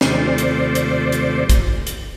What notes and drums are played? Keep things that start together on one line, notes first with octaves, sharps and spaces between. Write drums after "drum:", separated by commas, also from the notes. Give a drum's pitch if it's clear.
D#2 C3 F3 A3 C5 D5, drum: snare
drum: hi-hat
drum: hi-hat
drum: hi-hat
drum: kick, hi-hat
drum: hi-hat